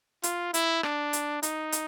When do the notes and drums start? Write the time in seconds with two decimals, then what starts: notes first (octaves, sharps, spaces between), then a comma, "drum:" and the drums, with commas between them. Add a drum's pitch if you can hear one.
0.23 F4, drum: hi-hat
0.54 E4, drum: hi-hat
0.83 D4, drum: rim click
1.13 drum: hi-hat
1.43 D#4, drum: hi-hat
1.72 drum: hi-hat